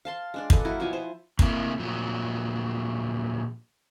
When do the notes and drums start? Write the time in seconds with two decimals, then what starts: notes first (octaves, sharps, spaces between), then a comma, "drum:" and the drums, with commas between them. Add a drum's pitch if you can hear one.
0.05 F5 A5 C6
0.34 G#3 D4 D5
0.50 A#3 A4 B4 D#5, drum: kick
0.65 F#3 E4 A#4
0.80 B2 F3 E4 G#5
0.93 C5
1.39 C3 A#3 E4, drum: kick
1.79 A#2 F3 F#3